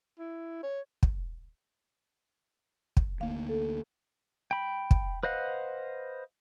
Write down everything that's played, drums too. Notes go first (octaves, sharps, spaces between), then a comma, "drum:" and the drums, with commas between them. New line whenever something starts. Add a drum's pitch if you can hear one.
E4
C#5
drum: kick
drum: kick
D2 A#3 F5
A4
G5 B5
drum: kick
B4 C5 D#5 F5 F#5